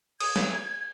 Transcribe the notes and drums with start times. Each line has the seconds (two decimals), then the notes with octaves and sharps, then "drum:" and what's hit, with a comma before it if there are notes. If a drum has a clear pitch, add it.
0.20 D#6 G#6, drum: cymbal
0.36 drum: snare